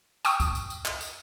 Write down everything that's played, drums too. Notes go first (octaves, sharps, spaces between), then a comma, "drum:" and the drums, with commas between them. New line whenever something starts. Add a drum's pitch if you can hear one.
G5 C#6 D#6, drum: tambourine
drum: kick, tambourine
drum: tambourine
drum: tambourine
drum: clap
drum: tambourine